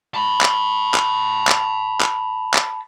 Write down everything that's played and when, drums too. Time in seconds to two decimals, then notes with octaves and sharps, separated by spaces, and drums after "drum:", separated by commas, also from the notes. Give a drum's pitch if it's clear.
0.14 A5 B5
0.41 drum: clap
0.94 drum: clap
1.47 drum: clap
2.01 drum: clap
2.54 drum: clap